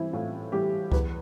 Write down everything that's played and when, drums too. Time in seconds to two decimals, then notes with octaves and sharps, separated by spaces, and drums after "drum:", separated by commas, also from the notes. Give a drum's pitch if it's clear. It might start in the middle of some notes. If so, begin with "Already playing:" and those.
Already playing: E3 G3 C4 E4
0.13 A2 F4
0.52 E3 G3 G4
0.92 E2 B4, drum: kick C#2